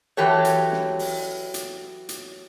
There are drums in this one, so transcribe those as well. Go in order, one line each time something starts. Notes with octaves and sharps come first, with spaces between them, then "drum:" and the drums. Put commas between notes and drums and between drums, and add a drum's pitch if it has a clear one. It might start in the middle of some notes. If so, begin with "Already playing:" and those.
E3 F#3 G4 A4 C#5
drum: hi-hat
drum: snare
drum: open hi-hat
drum: hi-hat
drum: hi-hat